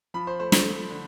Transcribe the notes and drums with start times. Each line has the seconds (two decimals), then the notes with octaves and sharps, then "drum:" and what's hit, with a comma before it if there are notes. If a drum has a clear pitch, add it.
0.14 F3 B5
0.27 C5
0.40 A3 C5
0.52 C5, drum: snare
0.65 A3
0.91 D3